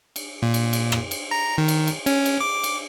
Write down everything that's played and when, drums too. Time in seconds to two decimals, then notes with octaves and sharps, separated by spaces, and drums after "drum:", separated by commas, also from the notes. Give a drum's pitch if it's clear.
0.16 drum: cymbal
0.42 A#2
0.54 drum: cymbal
0.73 drum: cymbal
0.92 drum: rim click
1.11 drum: cymbal
1.31 A#5
1.58 D#3
1.68 drum: cymbal
1.87 drum: cymbal
2.06 C#4, drum: cymbal
2.25 drum: cymbal
2.41 D6
2.64 drum: cymbal